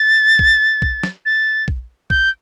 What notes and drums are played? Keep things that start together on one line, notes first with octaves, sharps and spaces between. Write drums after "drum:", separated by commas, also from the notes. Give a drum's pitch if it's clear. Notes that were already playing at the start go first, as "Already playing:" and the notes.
Already playing: A6
drum: kick A#1
drum: kick A#1
drum: snare
A6
drum: kick A#1
G6, drum: kick A#1